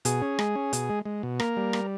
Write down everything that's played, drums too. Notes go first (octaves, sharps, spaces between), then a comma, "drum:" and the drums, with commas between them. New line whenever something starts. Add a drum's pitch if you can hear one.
B2 G#4, drum: hi-hat
C#4
G#3, drum: rim click
C#4
B2, drum: hi-hat
G#3
G#3
B2
A#3 A#4, drum: rim click
G3
drum: rim click